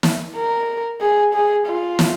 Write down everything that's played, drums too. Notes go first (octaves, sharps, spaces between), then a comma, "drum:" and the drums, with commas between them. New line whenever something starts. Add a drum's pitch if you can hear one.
drum: snare
A#4
G#4
G#4
F4
drum: snare